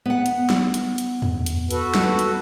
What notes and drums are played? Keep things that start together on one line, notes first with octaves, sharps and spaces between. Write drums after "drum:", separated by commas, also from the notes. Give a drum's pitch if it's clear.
B3 F#5
drum: hi-hat
drum: snare
drum: hi-hat
drum: hi-hat
drum: tom E2
drum: hi-hat
F#4 A4 B4, drum: hi-hat
drum: snare
drum: hi-hat